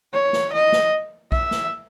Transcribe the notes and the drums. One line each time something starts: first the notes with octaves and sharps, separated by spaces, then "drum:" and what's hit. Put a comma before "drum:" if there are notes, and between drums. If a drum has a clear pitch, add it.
C#5
drum: snare
D#5
drum: snare
E5, drum: kick
drum: snare